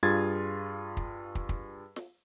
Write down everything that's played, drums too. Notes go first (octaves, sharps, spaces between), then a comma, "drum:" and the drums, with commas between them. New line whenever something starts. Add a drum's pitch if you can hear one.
G2 F4 G#4 G#6 A6
drum: kick
drum: kick
drum: kick
drum: snare